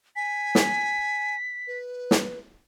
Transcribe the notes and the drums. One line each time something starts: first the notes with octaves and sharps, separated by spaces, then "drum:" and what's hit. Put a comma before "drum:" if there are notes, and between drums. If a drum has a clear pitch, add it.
G#5 B6
drum: snare
B4
drum: snare